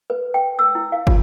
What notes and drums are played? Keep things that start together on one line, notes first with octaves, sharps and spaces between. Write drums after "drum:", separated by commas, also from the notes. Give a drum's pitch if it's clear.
B4
G5
E6
E4
F5
F4, drum: kick